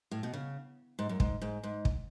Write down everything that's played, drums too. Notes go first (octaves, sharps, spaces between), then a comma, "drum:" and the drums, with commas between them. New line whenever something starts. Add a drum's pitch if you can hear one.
A2
B2
C#3
G#2
F#2
G#2, drum: kick
G#2
G#2
drum: kick